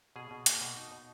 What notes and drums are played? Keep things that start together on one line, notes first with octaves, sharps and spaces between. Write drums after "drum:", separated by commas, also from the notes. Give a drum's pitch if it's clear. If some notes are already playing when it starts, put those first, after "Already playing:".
B2 G#4
B2
A#3, drum: hi-hat
B2
D#4
B2